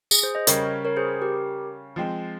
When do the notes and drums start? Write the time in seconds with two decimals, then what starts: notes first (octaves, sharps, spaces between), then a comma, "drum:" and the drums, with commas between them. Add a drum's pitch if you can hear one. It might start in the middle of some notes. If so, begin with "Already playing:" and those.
0.11 G#4, drum: tambourine
0.23 G#4 C5
0.35 C5 D#5
0.47 C#3 G3 C#4 A#4 C#5, drum: hi-hat
0.85 A#4 C#5
0.97 G#4 C5
1.22 G4 A#4
1.96 F3 G#3 C4